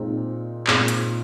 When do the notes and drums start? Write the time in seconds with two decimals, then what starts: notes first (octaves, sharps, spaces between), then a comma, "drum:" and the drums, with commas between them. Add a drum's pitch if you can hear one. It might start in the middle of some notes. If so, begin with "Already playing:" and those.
Already playing: A#2 G#3 C4 D#4
0.67 A#2 G#3 C4, drum: clap
0.88 drum: hi-hat